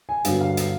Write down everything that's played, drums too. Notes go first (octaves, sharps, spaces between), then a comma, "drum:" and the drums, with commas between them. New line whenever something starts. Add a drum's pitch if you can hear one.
G#5
G2 D3 F#3 B3 F5, drum: hi-hat
F5
F5, drum: hi-hat